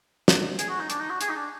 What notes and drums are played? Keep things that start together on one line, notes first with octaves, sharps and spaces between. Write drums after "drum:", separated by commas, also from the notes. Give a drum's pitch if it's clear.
drum: snare
G#4, drum: hi-hat
F#4
D#4
D4, drum: hi-hat
D#4
F#4
G#4, drum: hi-hat
D#4
D4